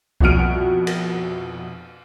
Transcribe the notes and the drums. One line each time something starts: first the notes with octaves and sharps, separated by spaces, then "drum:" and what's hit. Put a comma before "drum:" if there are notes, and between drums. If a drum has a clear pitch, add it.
C2 F2 B2 F#4 F6 D7, drum: kick B1
drum: cymbal